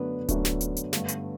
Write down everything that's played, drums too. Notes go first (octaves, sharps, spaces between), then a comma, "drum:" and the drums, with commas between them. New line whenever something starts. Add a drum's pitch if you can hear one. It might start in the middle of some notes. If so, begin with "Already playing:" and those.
Already playing: F#2 D3 A3 B3 D4 B4
F#2 D3 A3 D4, drum: kick D1, hi-hat
drum: snare
drum: hi-hat
drum: hi-hat
G2 D3 A3, drum: snare
drum: hi-hat